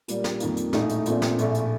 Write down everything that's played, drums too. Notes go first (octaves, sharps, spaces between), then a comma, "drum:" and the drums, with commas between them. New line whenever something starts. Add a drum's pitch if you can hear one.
A#2 G3 A#3, drum: hi-hat
drum: snare
F2 D#3 G3 A#3, drum: hi-hat
drum: hi-hat
A#1 A2 A3 D#4, drum: snare
drum: hi-hat
A#1 A#2 A3 C4, drum: hi-hat
drum: snare
A#1 A2 A3, drum: hi-hat
drum: hi-hat